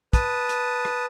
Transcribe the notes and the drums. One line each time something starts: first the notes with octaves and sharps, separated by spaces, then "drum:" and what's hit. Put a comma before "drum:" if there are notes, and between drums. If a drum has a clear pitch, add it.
B4 A5 D#6, drum: kick, hi-hat
drum: hi-hat
drum: rim click